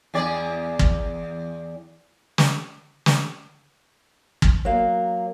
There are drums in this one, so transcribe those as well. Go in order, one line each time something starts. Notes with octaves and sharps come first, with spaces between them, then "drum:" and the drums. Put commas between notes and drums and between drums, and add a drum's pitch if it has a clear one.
E2 G#4 D5
drum: kick
drum: snare
drum: snare
drum: kick
F#3 A#3